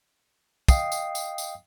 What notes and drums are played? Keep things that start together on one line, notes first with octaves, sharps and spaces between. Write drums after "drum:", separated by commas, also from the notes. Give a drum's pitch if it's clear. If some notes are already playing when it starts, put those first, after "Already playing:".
D#5 F5 G5 D#6 C7, drum: kick, tambourine
drum: tambourine
drum: tambourine
drum: tambourine